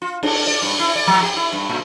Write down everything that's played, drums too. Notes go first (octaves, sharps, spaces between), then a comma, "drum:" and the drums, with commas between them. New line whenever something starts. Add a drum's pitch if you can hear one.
F4
D4, drum: cymbal
D5
G2
E4
D5
F3
G4
E4
G2
A2